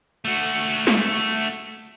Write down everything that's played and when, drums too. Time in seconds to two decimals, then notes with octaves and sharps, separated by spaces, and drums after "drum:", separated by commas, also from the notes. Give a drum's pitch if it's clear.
0.25 A3 F#4, drum: cymbal
0.87 drum: snare